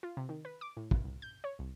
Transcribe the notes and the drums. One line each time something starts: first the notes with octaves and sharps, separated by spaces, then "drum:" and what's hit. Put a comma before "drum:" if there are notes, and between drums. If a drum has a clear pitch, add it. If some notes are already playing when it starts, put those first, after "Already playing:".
F4
C3
D#3
B4
D6
A2
drum: kick
C2
G6
C#5
C2